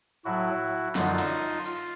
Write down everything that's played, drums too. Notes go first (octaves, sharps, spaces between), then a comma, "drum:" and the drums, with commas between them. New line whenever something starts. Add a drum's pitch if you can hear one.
A2 F#3 E4 F#4
F#2 D3 F#3 D#4 F4, drum: snare
drum: cymbal
F4, drum: tambourine